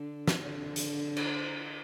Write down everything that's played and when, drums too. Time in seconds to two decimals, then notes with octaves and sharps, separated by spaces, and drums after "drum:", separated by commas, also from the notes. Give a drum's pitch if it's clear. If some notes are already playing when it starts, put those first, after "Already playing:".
Already playing: D3
0.28 drum: snare
0.40 D3
0.76 drum: hi-hat
1.17 drum: cymbal